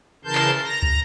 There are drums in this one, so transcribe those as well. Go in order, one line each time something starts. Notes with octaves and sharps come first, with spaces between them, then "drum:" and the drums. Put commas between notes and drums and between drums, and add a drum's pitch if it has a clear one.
C#3 E3 A#4 A5 C6 G6
drum: clap
A#5 A#6
drum: kick